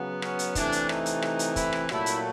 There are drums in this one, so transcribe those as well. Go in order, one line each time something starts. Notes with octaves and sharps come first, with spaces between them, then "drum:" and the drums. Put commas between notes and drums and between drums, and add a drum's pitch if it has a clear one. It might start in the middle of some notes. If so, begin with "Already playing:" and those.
Already playing: C#3 F#3 B3
C#4, drum: rim click
drum: hi-hat
C3 E3 A3 D4, drum: kick, hi-hat
drum: hi-hat
D#4, drum: rim click
drum: hi-hat
drum: rim click
drum: hi-hat
E4, drum: kick, hi-hat
drum: rim click
A#2 F#3 A3 E4, drum: rim click
drum: hi-hat